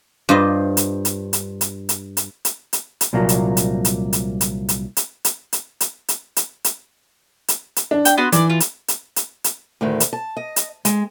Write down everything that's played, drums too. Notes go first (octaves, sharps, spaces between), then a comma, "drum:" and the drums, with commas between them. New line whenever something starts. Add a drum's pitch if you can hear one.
G2 F4 C5 D#5
drum: hi-hat
drum: hi-hat
drum: hi-hat
drum: hi-hat
drum: hi-hat
drum: hi-hat
drum: hi-hat
drum: hi-hat
drum: hi-hat
C2 A#2 F3 F#3 A#3
drum: hi-hat
drum: hi-hat
drum: hi-hat
drum: hi-hat
drum: hi-hat
drum: hi-hat
drum: hi-hat
drum: hi-hat
drum: hi-hat
drum: hi-hat
drum: hi-hat
drum: hi-hat
drum: hi-hat
drum: hi-hat
drum: hi-hat
D4
G5, drum: hi-hat
B3 F#4 C6
E3 D5, drum: hi-hat
F4
drum: hi-hat
drum: hi-hat
drum: hi-hat
drum: hi-hat
D2 A2 D#3
drum: hi-hat
A5
D#5
drum: hi-hat
G#3, drum: hi-hat